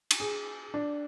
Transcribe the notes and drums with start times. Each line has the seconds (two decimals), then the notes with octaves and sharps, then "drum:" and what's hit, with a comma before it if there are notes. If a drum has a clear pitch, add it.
0.11 drum: cymbal
0.20 G#4
0.74 D4